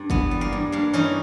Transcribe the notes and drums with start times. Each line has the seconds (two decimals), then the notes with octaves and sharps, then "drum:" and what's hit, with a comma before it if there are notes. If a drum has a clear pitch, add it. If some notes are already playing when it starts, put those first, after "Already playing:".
Already playing: G2 G3
0.10 E3 B3, drum: kick
0.31 G3
0.41 A#3
0.52 G2
0.72 G2 A#3
0.93 E3 C#4 D#4